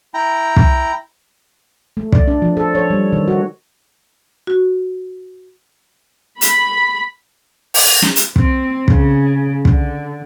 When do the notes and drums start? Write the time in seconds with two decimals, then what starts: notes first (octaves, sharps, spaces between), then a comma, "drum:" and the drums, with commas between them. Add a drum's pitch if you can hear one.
0.14 E4 G5 A#5
0.56 drum: kick
1.97 A3
2.12 D5, drum: kick
2.28 D4
2.42 F3
2.57 A4
2.75 C#5
2.90 G3
3.13 D#3
3.28 F#4
4.47 F#4
6.41 B5, drum: hi-hat
7.74 drum: open hi-hat
8.02 drum: snare
8.16 drum: hi-hat
8.36 C4, drum: kick
8.88 C#3, drum: kick
9.65 D3, drum: kick